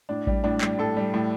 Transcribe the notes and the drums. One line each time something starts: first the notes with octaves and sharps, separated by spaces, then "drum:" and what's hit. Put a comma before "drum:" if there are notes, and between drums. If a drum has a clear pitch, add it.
A2 D4
G3, drum: kick A1
A2 D4
G3, drum: clap
A2 A4
G3
A2